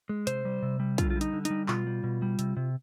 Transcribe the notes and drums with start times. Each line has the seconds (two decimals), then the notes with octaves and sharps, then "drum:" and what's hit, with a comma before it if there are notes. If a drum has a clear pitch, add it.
0.09 G#3
0.27 C3 C5, drum: hi-hat
0.45 G3
0.63 C3
0.80 G3
0.98 D3 F4, drum: kick, hi-hat
1.10 F4
1.16 G3
1.21 D#4, drum: hi-hat
1.33 D3
1.45 D#4, drum: hi-hat
1.50 G3
1.68 B2 F4, drum: clap
1.87 G3
2.04 B2
2.22 G3
2.39 C3, drum: hi-hat
2.57 C3